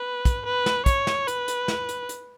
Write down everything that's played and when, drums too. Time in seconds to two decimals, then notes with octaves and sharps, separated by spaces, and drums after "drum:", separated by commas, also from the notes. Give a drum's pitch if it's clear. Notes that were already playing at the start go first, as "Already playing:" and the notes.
Already playing: B4
0.25 drum: kick, hi-hat
0.46 B4
0.66 drum: snare
0.86 C#5, drum: kick, hi-hat
1.07 drum: snare
1.28 B4, drum: hi-hat
1.48 drum: hi-hat
1.68 drum: snare
1.89 drum: hi-hat
2.09 drum: hi-hat